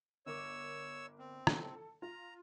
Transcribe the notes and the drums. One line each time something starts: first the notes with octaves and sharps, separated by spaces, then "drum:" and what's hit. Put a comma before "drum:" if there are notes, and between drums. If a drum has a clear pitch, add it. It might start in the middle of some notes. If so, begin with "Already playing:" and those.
G1 A#4 C#5 D6 E6
C4
A4, drum: rim click
F4 A#5